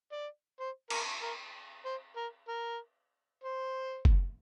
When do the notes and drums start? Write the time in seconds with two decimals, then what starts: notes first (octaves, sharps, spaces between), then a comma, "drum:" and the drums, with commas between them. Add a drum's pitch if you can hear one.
0.12 D5
0.60 C5
0.90 A#4, drum: cymbal
1.22 A#4
1.85 C5
2.17 A#4
2.48 A#4
3.44 C5
4.05 drum: kick